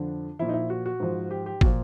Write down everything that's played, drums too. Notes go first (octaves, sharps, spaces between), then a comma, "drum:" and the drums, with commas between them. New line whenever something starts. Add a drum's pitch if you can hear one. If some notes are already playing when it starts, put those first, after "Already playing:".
Already playing: F2 D3 F3 D4
A#2 F3 E4
D#4
E4
F#4
F#4
G#2 F3
G4
G4
A#2 F3 F#4, drum: kick